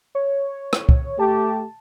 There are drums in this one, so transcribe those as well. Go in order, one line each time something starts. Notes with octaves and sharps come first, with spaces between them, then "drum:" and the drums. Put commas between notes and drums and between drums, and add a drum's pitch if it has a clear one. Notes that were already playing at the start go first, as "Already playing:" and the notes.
C#5
drum: rim click
drum: kick
A3 G4 A5